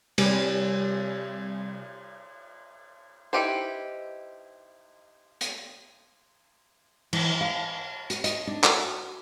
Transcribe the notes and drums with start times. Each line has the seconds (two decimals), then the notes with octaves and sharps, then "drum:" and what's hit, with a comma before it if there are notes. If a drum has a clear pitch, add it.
0.18 C3 G3 G4 G#5, drum: cymbal
3.33 D#4 E4 G4 B4 C5
5.41 drum: hi-hat
7.13 E3, drum: cymbal
7.41 F5
8.10 F#4, drum: hi-hat
8.24 D#5, drum: hi-hat
8.47 D4
8.64 F#4, drum: clap